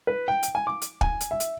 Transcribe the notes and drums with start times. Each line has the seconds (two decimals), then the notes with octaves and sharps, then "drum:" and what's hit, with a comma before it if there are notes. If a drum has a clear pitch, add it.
0.07 B4
0.28 G5
0.43 drum: hi-hat
0.55 G#5
0.67 D6
0.82 drum: hi-hat
1.01 G#5, drum: kick
1.20 drum: hi-hat
1.31 E5
1.40 drum: hi-hat